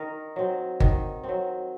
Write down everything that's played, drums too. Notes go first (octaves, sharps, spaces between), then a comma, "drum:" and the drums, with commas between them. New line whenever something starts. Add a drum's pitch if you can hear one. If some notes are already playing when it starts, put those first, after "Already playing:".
Already playing: D#3 A#4
F#3 C4
D#3, drum: kick G1
C4
F#3